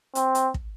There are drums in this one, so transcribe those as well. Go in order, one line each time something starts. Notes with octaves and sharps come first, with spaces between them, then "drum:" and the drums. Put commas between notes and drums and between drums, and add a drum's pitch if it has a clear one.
C4, drum: hi-hat
drum: hi-hat
drum: kick